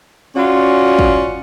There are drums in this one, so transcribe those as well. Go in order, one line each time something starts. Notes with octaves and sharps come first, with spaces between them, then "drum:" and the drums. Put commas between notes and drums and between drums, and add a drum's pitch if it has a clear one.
C#4 F4 F#4 D5
drum: kick